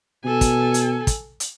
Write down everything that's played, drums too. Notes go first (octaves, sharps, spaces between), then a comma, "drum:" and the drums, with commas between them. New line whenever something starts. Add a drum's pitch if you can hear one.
B2 A4 G#5
drum: kick, hi-hat
drum: hi-hat
drum: kick, hi-hat
drum: hi-hat